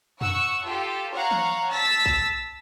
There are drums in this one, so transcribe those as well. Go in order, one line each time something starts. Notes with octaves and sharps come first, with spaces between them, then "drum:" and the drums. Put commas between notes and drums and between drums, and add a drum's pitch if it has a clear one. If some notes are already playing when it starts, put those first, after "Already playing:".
F#5 C#6 E6, drum: tom F2
F4 G4 A4
C#5 F5 F#5 A#5
drum: tom E3
A5 E6 A6 B6
drum: kick